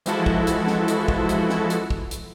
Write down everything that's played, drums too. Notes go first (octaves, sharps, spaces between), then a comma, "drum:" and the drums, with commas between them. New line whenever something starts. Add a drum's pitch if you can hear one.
E3 F3 G#3 E4 F#4 A4, drum: hi-hat
drum: kick
drum: hi-hat
drum: snare
drum: hi-hat
drum: kick
drum: hi-hat
drum: snare
drum: hi-hat
drum: kick
drum: hi-hat